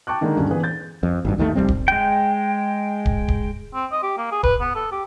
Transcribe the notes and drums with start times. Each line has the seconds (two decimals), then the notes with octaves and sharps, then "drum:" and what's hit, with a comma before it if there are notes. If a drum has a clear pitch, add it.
0.07 G5 A5 C#6 D6 F#6
0.21 D3 D#3 G#3 A#3
0.37 D#1 G2 D3 C#4
0.51 E3 B3 G#4 B4
0.63 G6 A6
1.03 F2
1.25 G#1 G2
1.38 D#2 D#3 E3 A3
1.55 F1 G#2 G3 C4
1.68 drum: kick
1.88 G#3 G5
3.06 drum: kick
3.28 drum: kick
3.74 C4
3.92 D#5
4.03 G4
4.18 A#3
4.32 G#4
4.43 B4, drum: kick
4.61 B3
4.75 A4
4.92 G4